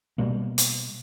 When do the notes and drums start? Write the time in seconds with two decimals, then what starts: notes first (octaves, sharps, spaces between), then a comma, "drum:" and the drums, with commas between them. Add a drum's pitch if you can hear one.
0.18 B2 G3 A#3
0.58 drum: hi-hat